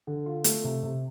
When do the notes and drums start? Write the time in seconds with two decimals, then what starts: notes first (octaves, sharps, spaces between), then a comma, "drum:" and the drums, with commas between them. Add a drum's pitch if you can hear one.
0.07 D3
0.26 F4
0.44 A3, drum: hi-hat
0.64 C3
0.83 C3